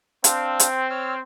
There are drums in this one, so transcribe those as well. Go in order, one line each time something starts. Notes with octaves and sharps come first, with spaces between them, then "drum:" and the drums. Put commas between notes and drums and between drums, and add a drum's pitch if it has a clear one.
C4 D4 F5, drum: hi-hat
drum: hi-hat
C#5 E6 F6